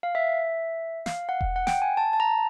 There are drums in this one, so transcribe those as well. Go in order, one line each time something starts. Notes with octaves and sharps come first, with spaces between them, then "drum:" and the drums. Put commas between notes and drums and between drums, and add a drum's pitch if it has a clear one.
F5
E5
F5, drum: snare
F#5
drum: kick E1
F#5
G5, drum: snare
G#5
A5
A5
A#5